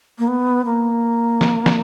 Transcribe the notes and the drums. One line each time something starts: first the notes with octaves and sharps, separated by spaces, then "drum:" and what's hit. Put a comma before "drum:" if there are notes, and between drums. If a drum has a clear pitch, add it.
A#3
B3
A#3
drum: snare
drum: snare